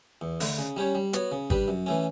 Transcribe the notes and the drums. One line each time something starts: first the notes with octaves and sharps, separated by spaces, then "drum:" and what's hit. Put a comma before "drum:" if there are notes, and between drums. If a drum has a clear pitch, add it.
E2
D3 A3 D4, drum: open hi-hat
C#3
G3 C#4 G4 C#5
G3
B3 F#4 C#5, drum: hi-hat
C#3
G3 D4 G4 B4, drum: kick
F#2
E3 A3 C#4